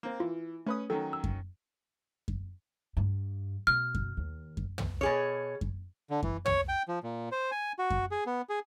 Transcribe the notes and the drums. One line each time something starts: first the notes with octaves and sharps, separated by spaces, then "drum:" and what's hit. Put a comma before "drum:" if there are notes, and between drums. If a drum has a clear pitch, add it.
A#3 C4
E3 F4
A3 C#4 B4 D#6
D#3 F#3 C#4 A4
E6
drum: kick F#2
drum: kick F#2
G2
B2 F6
drum: kick F#2
D#2
drum: kick F#2
drum: tom
B2 G#4 C#5
drum: kick F#2
D3
E3, drum: kick F#2
C#5, drum: tom
G5
F3
A#2
C5
G#5
F#4
drum: kick F#2
G#4
B3
G#4